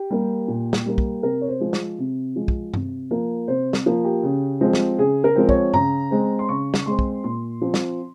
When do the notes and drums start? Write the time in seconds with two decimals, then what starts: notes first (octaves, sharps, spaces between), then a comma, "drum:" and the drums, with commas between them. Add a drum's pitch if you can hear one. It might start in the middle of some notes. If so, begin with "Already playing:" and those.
Already playing: G4
0.10 G3 A#3
0.48 A#2
0.73 drum: snare
0.86 G3 A#3
0.98 drum: kick
1.23 C3 A#4
1.41 C#5
1.48 C5
1.60 F3 G#3
1.73 drum: snare
1.98 C3
2.36 F3 G#3
2.48 drum: kick
2.74 C3, drum: tom G2
3.11 F3 A#3
3.48 C3 C5
3.73 drum: snare
3.86 F3 A#3
4.05 G4
4.23 C#3
4.61 F3 G#3 C4
4.73 drum: snare
4.99 C#3 G#4
5.24 A#4
5.36 F3 G#3 C4
5.49 C#5, drum: kick
5.74 C#3 A#5, drum: tom G2
6.11 G#3 C4
6.39 C6
6.49 C#3 C#6
6.74 drum: snare
6.86 G#3 C4 C6
6.99 drum: kick
7.24 A#2 C6
7.61 F3 C4
7.74 drum: snare